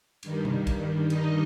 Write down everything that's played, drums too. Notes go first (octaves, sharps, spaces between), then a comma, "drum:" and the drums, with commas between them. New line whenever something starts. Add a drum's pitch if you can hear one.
G2 D#3 G3, drum: cymbal
drum: tom
drum: kick A#1, cymbal
D#4 D#5, drum: cymbal